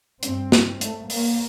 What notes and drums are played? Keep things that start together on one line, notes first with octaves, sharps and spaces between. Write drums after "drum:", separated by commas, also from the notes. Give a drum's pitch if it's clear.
G2 C4, drum: hi-hat
drum: snare
A3, drum: hi-hat
A#3, drum: open hi-hat